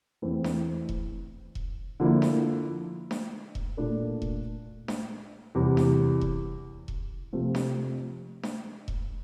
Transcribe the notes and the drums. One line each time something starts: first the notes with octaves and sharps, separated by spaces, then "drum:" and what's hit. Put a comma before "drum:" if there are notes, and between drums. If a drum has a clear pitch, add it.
E2 E3 A3 C4
drum: snare D4
drum: kick E1
drum: kick E1
D3 F3 A#3 E4
drum: snare D4
drum: snare D4
drum: kick E1
A#2 A3 D4 A4
drum: kick E1
drum: snare D4
E2 C3 G3
drum: snare D4
drum: kick E1
drum: kick E1
C3 F3 A3 C4 F4
drum: snare D4
drum: snare D4
drum: kick E1